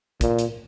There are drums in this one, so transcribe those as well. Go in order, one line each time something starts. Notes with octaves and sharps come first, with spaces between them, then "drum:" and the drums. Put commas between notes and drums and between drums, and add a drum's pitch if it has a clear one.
A#2, drum: kick, hi-hat
drum: hi-hat